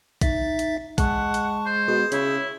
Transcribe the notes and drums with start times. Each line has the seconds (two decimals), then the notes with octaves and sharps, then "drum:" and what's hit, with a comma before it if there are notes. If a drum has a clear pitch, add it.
0.21 D#4 E5 A6 B6, drum: kick A#1, hi-hat
0.59 drum: hi-hat
0.98 G#3 F#5 A5 C#6, drum: kick A#1, hi-hat
1.34 drum: hi-hat
1.66 C5
1.88 B2 G#4
2.12 C#3 E4 C#5, drum: hi-hat